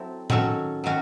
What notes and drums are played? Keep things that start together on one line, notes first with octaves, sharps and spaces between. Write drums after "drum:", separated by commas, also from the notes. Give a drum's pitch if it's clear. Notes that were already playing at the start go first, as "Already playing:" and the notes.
Already playing: F#3 C4 E4 A4
D#3 F#3 C#4 F#4 A4, drum: tom A2
D#3 F#3 C#4 F#4